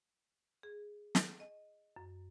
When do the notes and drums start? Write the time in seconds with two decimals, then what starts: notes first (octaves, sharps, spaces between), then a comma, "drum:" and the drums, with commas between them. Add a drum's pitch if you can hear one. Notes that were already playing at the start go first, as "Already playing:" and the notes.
0.63 G#4
1.15 drum: snare
1.40 D#5
1.96 F#2